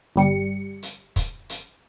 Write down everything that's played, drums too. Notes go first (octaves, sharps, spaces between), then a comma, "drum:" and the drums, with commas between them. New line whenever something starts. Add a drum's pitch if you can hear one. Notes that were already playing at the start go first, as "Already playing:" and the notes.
G1 G3 C#7
drum: hi-hat
drum: kick, hi-hat
drum: hi-hat